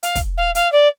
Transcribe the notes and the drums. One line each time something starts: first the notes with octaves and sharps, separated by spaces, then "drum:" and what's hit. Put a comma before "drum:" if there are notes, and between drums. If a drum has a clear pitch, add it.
F5, drum: hi-hat
drum: kick, hi-hat
F5
F5, drum: hi-hat
D5